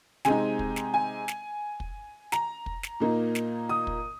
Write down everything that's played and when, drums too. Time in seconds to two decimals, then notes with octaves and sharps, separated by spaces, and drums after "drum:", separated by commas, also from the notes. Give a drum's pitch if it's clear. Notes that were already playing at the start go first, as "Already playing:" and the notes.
0.25 C3 G#3 C4 D#4 G#5, drum: snare
0.59 drum: kick
0.76 drum: snare
0.94 G#5
1.28 drum: snare
1.80 drum: kick
2.32 A#5, drum: snare
2.66 drum: kick
2.83 drum: snare
3.00 A#2 A#3 D#4
3.35 drum: snare
3.69 D#6
3.87 drum: kick